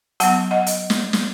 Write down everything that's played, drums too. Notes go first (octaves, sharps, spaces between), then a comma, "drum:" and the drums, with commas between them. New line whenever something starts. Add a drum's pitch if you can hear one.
F#3 B3 F#5 A5, drum: hi-hat
D#5 F#5
drum: hi-hat
drum: snare
drum: snare